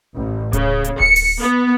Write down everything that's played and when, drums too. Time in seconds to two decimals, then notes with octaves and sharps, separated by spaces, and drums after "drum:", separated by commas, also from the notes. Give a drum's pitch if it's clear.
0.15 A1
0.53 C#3, drum: kick D1, hi-hat
0.84 drum: hi-hat
1.00 C#7, drum: kick D1
1.16 drum: open hi-hat
1.41 B3